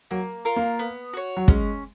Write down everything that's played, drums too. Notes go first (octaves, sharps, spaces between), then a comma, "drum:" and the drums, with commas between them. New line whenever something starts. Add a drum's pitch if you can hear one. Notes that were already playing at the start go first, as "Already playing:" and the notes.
F#3 A#3
F4 A#4
A#3
B3
F#4 C#5
F#3
G#3 C#4, drum: kick